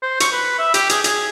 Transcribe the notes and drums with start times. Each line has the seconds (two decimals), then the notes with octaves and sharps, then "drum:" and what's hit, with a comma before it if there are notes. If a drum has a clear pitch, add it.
0.02 C5
0.20 C#6, drum: hi-hat
0.32 B4
0.59 E5
0.74 G4, drum: hi-hat
0.89 G#4, drum: hi-hat
1.04 G#4, drum: hi-hat